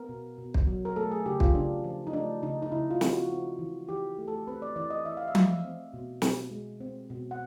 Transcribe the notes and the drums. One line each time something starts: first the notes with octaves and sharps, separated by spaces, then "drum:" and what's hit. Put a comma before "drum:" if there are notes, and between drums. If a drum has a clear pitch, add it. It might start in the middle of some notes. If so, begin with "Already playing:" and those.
Already playing: B3 A#4
B2
B2
drum: kick
F#3
A#4
A3 A4
G#4
C#3 G4
F4, drum: kick
C#3 D4
F3
D#4
A3 D4
C#3 D#4
D#4
C#3 E4
F4
F3, drum: snare
F#4
C4
E3
E3 G4
A3
A4
C4 B4
D5
E3 D5
D#5
E3 E5
F5
E5
A3, drum: tom F3
C4
B2
B2, drum: snare
G#3
C4
B2
F#5